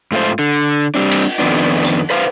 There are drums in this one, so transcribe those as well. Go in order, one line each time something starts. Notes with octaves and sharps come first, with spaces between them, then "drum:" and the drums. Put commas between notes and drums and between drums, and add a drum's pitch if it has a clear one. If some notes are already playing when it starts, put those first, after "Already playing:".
G#2 A3 F4 C5
D3
G3 C4 D4
drum: cymbal
F2 G#2 D#3 B3 D4
drum: hi-hat
B4 C5 F5